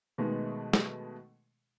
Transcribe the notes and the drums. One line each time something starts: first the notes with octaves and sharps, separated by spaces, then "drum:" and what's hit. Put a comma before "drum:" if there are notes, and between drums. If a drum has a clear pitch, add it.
B2 D#3 G#3 A3 B3
drum: snare